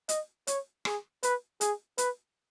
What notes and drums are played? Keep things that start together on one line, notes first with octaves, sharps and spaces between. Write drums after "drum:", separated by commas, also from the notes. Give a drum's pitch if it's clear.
D#5, drum: hi-hat
C#5, drum: hi-hat
G#4, drum: rim click
B4, drum: hi-hat
G#4, drum: hi-hat
B4, drum: hi-hat